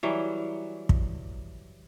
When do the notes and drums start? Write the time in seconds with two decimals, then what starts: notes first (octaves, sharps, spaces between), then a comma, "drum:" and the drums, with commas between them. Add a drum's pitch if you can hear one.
0.03 E3 F#3 G3
0.89 drum: kick